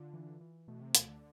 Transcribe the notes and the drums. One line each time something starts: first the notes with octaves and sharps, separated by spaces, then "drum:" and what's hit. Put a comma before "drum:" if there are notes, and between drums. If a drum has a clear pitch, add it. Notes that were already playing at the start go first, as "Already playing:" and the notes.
Already playing: D3 F4
E3
E3
B2 A3
C3
D2 B2, drum: hi-hat
D3